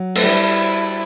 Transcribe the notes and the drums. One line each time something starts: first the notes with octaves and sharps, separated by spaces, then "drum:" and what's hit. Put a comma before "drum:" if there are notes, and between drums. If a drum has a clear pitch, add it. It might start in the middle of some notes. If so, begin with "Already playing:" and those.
Already playing: F#3
A3, drum: cymbal
G3 E4